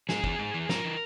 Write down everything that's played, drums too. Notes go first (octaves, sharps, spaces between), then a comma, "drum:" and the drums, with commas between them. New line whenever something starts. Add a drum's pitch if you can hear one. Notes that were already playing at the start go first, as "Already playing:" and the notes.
G#2 G#4, drum: snare
E3, drum: kick
G#2
E3
G#2 A#4, drum: snare
E3